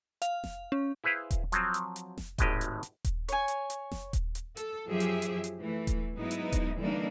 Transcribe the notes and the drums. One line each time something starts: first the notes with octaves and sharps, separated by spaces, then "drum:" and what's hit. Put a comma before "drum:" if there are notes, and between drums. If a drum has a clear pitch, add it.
F5, drum: hi-hat
drum: snare F1
C#4
E4 G#4 B4 C5 F5
drum: kick D#1, hi-hat
F3 F#3 C4, drum: hi-hat
drum: hi-hat
drum: hi-hat
drum: snare F1
G#1 A2 G#3 G4 D#5, drum: kick D#1, hi-hat
drum: hi-hat
drum: hi-hat
drum: kick D#1, hi-hat
C#5 G#5, drum: hi-hat
drum: hi-hat
drum: hi-hat
drum: snare F1
drum: kick D#1, hi-hat
drum: hi-hat
A4, drum: hi-hat
F#2 F3 F#3 G4 G#4 E5
drum: hi-hat
drum: hi-hat
drum: hi-hat
E3 A3
drum: kick D#1, hi-hat
G#2 F#3 B3 D#4 E4
drum: hi-hat
drum: kick D#1, hi-hat
D3 E3 G3 A#3 D4 D#4